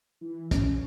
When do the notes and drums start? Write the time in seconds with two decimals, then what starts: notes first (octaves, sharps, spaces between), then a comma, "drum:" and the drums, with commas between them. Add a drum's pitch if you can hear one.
0.21 E3
0.51 C#4, drum: kick, hi-hat